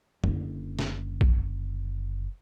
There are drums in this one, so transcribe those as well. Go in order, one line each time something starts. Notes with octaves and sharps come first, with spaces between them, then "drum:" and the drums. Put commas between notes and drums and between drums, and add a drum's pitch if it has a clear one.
F#1 D3, drum: tom F#2
drum: snare
drum: kick A#1